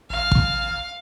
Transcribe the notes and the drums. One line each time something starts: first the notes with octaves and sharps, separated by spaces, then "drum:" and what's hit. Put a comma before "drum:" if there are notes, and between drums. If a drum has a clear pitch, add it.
A1 F5 F6
drum: kick